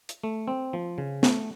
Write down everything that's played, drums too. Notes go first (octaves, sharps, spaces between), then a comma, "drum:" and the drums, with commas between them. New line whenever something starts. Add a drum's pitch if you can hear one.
drum: hi-hat
A3
C4
F3
C#3
A3, drum: snare